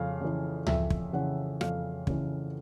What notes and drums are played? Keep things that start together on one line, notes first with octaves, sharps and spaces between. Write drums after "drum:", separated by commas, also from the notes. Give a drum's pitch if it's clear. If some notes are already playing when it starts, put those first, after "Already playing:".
Already playing: F2 C#3 F5
C#3 E3
F2 E5, drum: tom C#2
drum: kick
C#3 E3 F#5
F2 F5, drum: rim click
C#3 E3, drum: kick